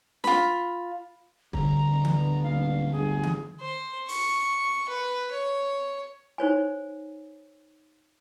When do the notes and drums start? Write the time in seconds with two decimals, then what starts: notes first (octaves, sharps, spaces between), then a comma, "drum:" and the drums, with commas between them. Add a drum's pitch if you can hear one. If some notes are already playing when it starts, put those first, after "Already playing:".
0.24 F4 B5, drum: snare
1.53 D1 D3 G3 A#5, drum: kick
1.91 B3 D4
2.05 drum: tom D#3
2.43 D#1 F5
2.92 G1 G#4
3.23 drum: tom D#3
3.60 C5
4.08 C#6, drum: open hi-hat
4.89 B4
5.31 C#5
6.38 D#4 C5 C#5 G#5